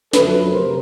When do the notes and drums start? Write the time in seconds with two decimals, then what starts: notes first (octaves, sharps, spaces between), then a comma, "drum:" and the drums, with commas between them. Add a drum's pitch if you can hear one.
0.13 F2 D3 F#3 A3 A4 B4, drum: snare
0.52 C3 A#4 C5